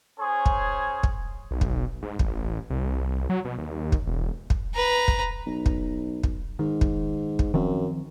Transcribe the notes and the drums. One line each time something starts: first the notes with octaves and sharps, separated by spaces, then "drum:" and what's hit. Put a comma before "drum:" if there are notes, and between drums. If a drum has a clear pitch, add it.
C#4 G#4 C5 C#5
drum: kick
drum: kick
B1
drum: kick
G#2
A1, drum: kick
C2
F#3
B2
D#2
drum: kick
E1
drum: kick
B4 A#5
drum: kick
B1
drum: kick
drum: kick
G#2 D#3
drum: kick
drum: kick
F#2 D#3 F3 C4